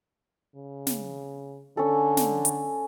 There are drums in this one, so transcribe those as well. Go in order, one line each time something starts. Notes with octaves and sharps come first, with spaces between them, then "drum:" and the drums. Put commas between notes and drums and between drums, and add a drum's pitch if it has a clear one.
C#3
drum: snare
D3 C#4 A4
drum: snare
drum: hi-hat